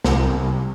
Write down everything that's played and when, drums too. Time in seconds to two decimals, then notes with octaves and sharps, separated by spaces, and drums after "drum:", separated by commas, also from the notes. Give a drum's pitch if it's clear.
0.04 C2, drum: snare